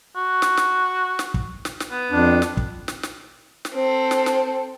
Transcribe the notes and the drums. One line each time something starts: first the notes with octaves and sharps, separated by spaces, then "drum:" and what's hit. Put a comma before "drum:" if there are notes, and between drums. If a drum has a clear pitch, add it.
F#4
drum: snare
drum: snare
drum: snare
drum: kick
drum: snare
drum: snare
B3
F2 D4
drum: snare
drum: kick
drum: snare
drum: snare
drum: snare
C4 A4
drum: snare
drum: snare